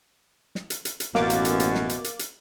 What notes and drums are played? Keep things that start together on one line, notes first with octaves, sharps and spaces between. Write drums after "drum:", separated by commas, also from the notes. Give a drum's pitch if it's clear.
drum: snare
drum: hi-hat
drum: hi-hat
drum: hi-hat
A1 F#2 B2 A#3 D6 A6, drum: snare
drum: hi-hat
drum: hi-hat
drum: hi-hat
drum: snare
drum: hi-hat
drum: hi-hat
drum: hi-hat